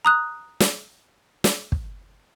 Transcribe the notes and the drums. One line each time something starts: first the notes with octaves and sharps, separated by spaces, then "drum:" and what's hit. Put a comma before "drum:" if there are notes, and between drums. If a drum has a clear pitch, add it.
A#5 D#6 F#6
drum: snare
drum: snare
drum: kick